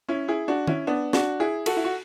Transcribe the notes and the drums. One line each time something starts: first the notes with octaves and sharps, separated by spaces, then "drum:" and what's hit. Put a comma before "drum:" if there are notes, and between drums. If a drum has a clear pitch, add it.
C#4 E4
E4 G#4
D4 F#4
C#4 E4, drum: tom
B3 D4
D4 F#4, drum: snare
E4 G#4
F#4 A4, drum: cymbal
E4
F#4